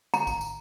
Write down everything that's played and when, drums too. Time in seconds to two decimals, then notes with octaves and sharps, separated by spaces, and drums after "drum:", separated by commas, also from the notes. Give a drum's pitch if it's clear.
0.14 A#5, drum: tambourine
0.27 drum: kick A1, tambourine
0.41 drum: tambourine